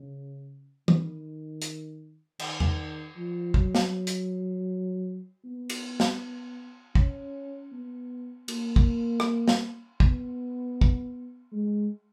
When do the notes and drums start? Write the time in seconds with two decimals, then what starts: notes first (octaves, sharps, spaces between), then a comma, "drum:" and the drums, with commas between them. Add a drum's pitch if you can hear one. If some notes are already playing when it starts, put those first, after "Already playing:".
Already playing: C#3
0.88 D#3, drum: tom
1.62 drum: hi-hat
2.39 D#3, drum: cymbal
2.60 drum: tom E2
3.16 F3
3.54 F#3, drum: kick
3.75 drum: snare
4.07 drum: hi-hat
5.44 B3
5.70 drum: cymbal
6.00 drum: snare
6.95 C#4, drum: kick
7.72 B3
8.48 A#3, drum: cymbal
8.76 drum: kick
9.20 drum: rim click
9.48 drum: snare
10.00 B3, drum: kick
10.81 drum: kick
11.52 G#3